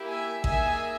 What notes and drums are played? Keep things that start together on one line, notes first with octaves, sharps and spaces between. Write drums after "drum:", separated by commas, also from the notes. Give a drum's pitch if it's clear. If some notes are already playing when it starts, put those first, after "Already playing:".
Already playing: A#3 E4 G4
E5 G#5
A#3 D#4 G#4 E5 G#5, drum: kick A1